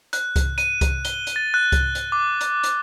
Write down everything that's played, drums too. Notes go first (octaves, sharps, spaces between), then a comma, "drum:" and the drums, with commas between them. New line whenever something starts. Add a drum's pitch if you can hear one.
F#6, drum: hi-hat
drum: kick C2, hi-hat
D#7, drum: hi-hat
drum: kick C2, hi-hat
G7, drum: hi-hat
drum: hi-hat
A6
F#6
drum: kick C2, hi-hat
drum: hi-hat
D6
drum: hi-hat
drum: hi-hat